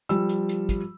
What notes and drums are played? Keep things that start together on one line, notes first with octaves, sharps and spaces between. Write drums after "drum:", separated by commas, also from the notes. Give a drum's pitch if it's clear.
F3 G3 E6, drum: hi-hat
drum: hi-hat
drum: hi-hat
drum: kick, hi-hat